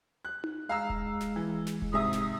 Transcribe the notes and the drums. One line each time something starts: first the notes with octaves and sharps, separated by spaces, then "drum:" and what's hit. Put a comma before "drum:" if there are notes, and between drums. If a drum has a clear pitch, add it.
F#6
drum: tom D#4
G#3 F5 A#5 E6
drum: kick D#1
drum: snare
E3
drum: snare
drum: kick D#1
G#2 C3 E5 D#6
drum: snare